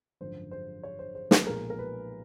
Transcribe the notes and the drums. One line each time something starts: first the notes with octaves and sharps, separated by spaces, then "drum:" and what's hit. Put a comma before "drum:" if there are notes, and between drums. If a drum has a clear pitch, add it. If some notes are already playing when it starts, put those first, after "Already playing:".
G#1 F#2 D3 F3 C5
C5
C#5
C5
C5
B4, drum: snare
B1 A#2 F3 G#3 A#4
A#4
B4